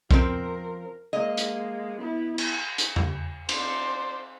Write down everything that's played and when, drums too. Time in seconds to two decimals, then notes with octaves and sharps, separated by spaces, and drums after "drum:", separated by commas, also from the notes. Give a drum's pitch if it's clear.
0.11 F3 C4 A#4, drum: kick
1.13 G#3 A#3 D#5
1.37 drum: hi-hat
1.98 B3 E4
2.38 drum: cymbal
2.78 drum: hi-hat
2.96 drum: tom F2
3.49 C5 D5, drum: cymbal